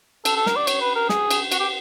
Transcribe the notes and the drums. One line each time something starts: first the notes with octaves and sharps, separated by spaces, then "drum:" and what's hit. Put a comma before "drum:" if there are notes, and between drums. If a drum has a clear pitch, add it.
A4, drum: cymbal
A4
A#4, drum: snare
D5
C#5, drum: cymbal
B4
A#4
G#4, drum: snare
drum: cymbal
F#4, drum: cymbal
G4